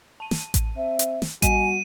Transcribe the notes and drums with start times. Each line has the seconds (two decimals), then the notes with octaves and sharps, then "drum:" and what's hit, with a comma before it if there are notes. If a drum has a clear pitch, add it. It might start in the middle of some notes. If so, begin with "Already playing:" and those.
0.20 A5 D#7
0.31 drum: snare
0.54 drum: kick A1, hi-hat
0.77 C4 E5
0.99 drum: hi-hat
1.22 drum: snare
1.42 G3 F#4 D#5 G#5 D#7 E7, drum: kick A1, hi-hat